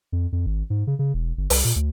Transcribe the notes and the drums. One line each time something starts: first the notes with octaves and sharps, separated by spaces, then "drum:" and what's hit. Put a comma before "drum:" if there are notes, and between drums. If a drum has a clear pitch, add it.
F2
F2
G#1
G#2
C#3
C#3
E1
G1
C2, drum: open hi-hat
A#2
D2